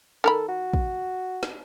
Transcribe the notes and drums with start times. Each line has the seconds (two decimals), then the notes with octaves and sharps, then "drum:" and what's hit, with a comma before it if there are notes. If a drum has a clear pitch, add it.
0.24 D#3 A4 A#4 B5
0.49 F#4
0.73 drum: kick
1.43 drum: snare